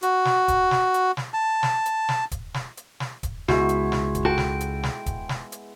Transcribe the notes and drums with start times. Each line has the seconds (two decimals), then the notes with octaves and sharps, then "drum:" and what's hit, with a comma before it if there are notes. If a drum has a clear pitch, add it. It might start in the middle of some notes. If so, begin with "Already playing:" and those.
0.02 F#4, drum: hi-hat
0.25 drum: snare
0.48 drum: kick, hi-hat
0.71 drum: snare
0.94 drum: hi-hat
1.17 drum: snare
1.34 A5
1.63 drum: snare
1.86 drum: hi-hat
2.09 drum: snare
2.31 drum: kick, hi-hat
2.54 drum: snare
2.77 drum: hi-hat
3.00 drum: snare
3.23 drum: kick, hi-hat
3.48 C#2 G#3 B3 E4 F#4, drum: snare
3.69 drum: hi-hat
3.92 drum: snare
4.15 drum: kick, hi-hat
4.25 F#4 A4 G5
4.38 drum: snare
4.60 drum: hi-hat
4.83 drum: snare
5.06 drum: kick, hi-hat
5.29 drum: snare
5.52 drum: hi-hat